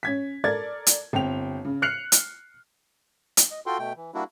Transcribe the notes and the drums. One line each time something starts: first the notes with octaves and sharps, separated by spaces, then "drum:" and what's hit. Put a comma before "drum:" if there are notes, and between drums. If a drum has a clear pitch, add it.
C#4 G#6 B6
A4 A#4 D5 G#6 A6
drum: hi-hat
G1 C4 G5 F7
C#3
F6 F#6 C7 C#7 F7 F#7
drum: hi-hat
drum: hi-hat
D#5
F4 F#4 A4 G5 C6
B2 A3 G5
E3
G3 A#3 D4 E4 F#4